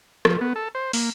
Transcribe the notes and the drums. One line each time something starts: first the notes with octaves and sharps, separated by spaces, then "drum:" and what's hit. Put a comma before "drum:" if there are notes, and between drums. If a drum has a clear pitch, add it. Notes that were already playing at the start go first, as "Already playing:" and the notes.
F3, drum: rim click
B3
A4
C5
A#3, drum: open hi-hat